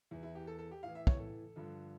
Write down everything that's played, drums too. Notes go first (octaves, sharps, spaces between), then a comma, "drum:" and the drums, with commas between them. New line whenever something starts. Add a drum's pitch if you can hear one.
E2 E3 E4
E4
G4
A4
A4
G4
A2 E3 F5
E5
C#5, drum: kick
A4
G2 D3 F3